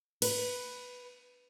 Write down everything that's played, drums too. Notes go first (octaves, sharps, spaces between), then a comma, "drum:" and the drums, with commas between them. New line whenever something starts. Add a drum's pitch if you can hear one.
B4, drum: cymbal